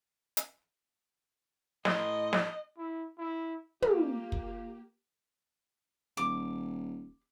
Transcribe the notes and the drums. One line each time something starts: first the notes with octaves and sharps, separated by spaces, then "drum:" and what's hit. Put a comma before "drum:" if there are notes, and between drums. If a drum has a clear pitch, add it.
drum: hi-hat
A2 D#5 C6, drum: snare
drum: snare
E4
E4
A#3 F4 G4, drum: tom
drum: kick
D#1 D6